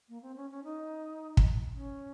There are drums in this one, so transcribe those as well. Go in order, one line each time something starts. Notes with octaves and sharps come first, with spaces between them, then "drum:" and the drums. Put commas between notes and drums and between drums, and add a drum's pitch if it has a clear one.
A#3
C4
C#4
C#4
D#4
drum: kick
C#4